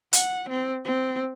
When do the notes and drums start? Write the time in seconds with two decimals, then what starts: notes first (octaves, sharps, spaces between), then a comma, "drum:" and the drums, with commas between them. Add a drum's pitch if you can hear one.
0.13 F#5, drum: hi-hat
0.49 C4
0.84 C4